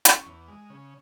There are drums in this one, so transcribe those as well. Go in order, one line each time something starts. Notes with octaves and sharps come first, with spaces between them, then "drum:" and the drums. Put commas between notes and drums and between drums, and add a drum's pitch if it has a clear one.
C#4, drum: hi-hat
E2
G#3
C#3